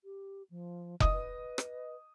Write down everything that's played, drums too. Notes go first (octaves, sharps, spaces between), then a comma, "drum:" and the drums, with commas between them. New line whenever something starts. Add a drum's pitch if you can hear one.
G4
F3
E3 D#5 D#6, drum: kick F1
B4
drum: rim click